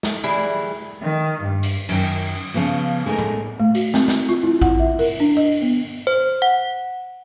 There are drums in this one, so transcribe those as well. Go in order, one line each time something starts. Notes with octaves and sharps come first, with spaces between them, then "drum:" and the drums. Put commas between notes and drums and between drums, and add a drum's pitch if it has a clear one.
drum: snare
E3 G3 E4 G#4
D#3
G2
drum: hi-hat
F#2 D#3, drum: cymbal
C#3 F3 B3 F4
G#3 A3 D#4 A#4 G#5
drum: tom A2
A3
F#4, drum: hi-hat
C4, drum: snare
drum: snare
F4
E4
F#5, drum: kick A1
E5
A#4, drum: open hi-hat
D4
D#5
B3
C5
F#5